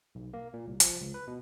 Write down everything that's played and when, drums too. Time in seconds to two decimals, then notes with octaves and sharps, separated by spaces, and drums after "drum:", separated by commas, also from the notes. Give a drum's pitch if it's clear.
0.15 B1
0.34 A#3
0.54 A#2
0.67 C2
0.80 F3, drum: hi-hat
1.01 C#2
1.14 B4
1.27 B2